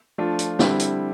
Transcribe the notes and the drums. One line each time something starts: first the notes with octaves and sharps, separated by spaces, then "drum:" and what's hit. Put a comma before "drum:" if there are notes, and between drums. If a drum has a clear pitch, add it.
F3 A3 D4 F4
drum: hi-hat
D3 G3 C4 E4, drum: snare
drum: hi-hat